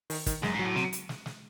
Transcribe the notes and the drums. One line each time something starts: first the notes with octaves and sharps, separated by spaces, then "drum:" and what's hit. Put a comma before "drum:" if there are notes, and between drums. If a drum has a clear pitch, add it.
D#3, drum: open hi-hat
D#3, drum: kick, hi-hat
F#2 G#3, drum: snare
G#2 F#3
A2
C3, drum: snare
drum: hi-hat
drum: snare
drum: snare